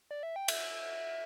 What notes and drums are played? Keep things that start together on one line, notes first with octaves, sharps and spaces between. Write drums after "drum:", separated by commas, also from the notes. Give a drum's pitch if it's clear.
D5
E5
G5
E5, drum: cymbal